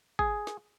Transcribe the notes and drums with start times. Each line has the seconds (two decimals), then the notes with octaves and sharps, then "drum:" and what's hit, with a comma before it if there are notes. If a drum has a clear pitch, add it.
0.19 G#4, drum: kick
0.47 drum: snare